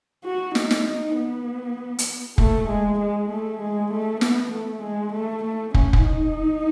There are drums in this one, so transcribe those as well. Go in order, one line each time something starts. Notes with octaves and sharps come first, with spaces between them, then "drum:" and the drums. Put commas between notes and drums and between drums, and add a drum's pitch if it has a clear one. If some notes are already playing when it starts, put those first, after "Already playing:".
F#4
D#4, drum: snare
drum: snare
D#4
B3
drum: hi-hat
A3, drum: kick
G#3
G#3
A3
G#3
A3
B3, drum: snare
A3
G#3
A3
A3
C#4, drum: kick
drum: kick
D#4